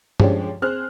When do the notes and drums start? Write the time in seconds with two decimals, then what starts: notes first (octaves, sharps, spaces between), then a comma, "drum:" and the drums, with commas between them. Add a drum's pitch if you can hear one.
0.20 F3 G#3 C#4 D4 G4, drum: tom
0.62 C4 G#4 C5 F6 F#6